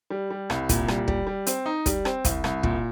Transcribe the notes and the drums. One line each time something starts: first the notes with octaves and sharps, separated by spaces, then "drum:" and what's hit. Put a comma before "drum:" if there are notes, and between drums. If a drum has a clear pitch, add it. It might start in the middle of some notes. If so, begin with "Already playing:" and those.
G3
G3
C2, drum: rim click
A#2, drum: kick, hi-hat
G3, drum: rim click
G3, drum: kick
G3
C4, drum: hi-hat
D#4
G3, drum: kick, hi-hat
C4, drum: rim click
C2, drum: kick, hi-hat
C2, drum: rim click
A#2, drum: kick